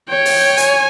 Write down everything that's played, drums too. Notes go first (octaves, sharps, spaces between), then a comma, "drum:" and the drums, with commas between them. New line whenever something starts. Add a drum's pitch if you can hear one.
C#5 G5
drum: open hi-hat
G#5, drum: hi-hat